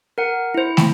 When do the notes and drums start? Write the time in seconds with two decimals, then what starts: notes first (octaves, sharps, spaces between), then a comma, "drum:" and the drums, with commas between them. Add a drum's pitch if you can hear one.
0.18 A#4 F#5
0.54 E4 C5
0.77 drum: snare